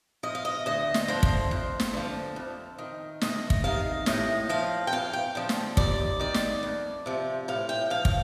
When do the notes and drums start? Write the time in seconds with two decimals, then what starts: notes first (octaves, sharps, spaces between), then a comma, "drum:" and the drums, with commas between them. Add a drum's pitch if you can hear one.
0.23 F3 D#5
0.35 F5
0.45 D#5
0.66 D2 D#5
0.94 drum: snare
1.08 D3 F3 C5
1.23 drum: kick
1.51 F2
1.80 drum: snare
1.94 D3 F3
2.36 F2
2.78 D#3
3.21 D2 D#5, drum: snare
3.50 drum: kick
3.64 C3 D#3 F5
4.06 A2 D#5, drum: snare
4.49 F3 F5
4.87 G5
4.92 F2 F5
5.13 G5
5.35 D3 F3
5.49 drum: snare
5.77 D#2 D5, drum: kick
6.20 D#3 D5
6.34 drum: snare
6.63 F2
7.06 C3 F3
7.48 A2 F5
7.69 G5
7.90 F3 F5
8.05 drum: kick